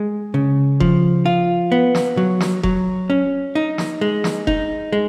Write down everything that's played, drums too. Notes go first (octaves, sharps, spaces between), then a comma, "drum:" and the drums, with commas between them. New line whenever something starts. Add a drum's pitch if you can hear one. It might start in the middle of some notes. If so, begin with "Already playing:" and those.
Already playing: G#3
C#3
F3, drum: kick F1
F4
B3
drum: snare
F#3
drum: snare
F#3, drum: kick F1
C#4
D#4
drum: snare
G#3
drum: snare
D#4, drum: kick F1
G#3